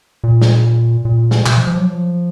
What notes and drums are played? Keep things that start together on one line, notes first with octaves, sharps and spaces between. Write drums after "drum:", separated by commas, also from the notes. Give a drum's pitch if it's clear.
A#2
drum: snare
A#2
drum: snare
B2, drum: clap
F3
F3
F#3
F3